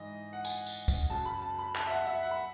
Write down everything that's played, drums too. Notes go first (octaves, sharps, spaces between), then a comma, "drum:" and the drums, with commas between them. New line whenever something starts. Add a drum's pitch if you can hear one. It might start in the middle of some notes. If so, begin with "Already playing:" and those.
Already playing: G#2 E3 D#5
F#5
G#5, drum: tambourine
drum: tambourine
drum: kick, tambourine
F#2 C#3 F#3 A5
B5
A5
B5
A5, drum: clap
E5
F#5
E5
F#5
B5